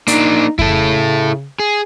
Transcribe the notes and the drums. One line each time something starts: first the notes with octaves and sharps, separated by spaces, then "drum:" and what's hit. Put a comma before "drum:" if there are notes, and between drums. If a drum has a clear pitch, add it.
A#3 D4 D#4, drum: hi-hat
C#3 E4 A4, drum: kick F2
G#4